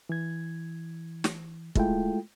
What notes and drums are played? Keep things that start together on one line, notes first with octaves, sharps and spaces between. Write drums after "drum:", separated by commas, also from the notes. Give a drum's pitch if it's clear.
E3 G#6
drum: snare
G#3 A3 E4 F4 A4 G5, drum: kick